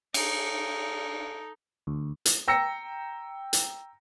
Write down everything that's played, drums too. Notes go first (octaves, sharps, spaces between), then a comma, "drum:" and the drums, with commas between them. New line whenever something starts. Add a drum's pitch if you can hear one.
D#4 A4, drum: cymbal
D2
drum: hi-hat
G5 A#5 E6 A#6 C#7
drum: hi-hat